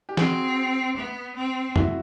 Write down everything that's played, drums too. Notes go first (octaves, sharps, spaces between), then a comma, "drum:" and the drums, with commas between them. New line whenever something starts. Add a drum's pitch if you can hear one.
G4
C4 F#4 G#4, drum: snare
B3
C4
E4 F#4, drum: tom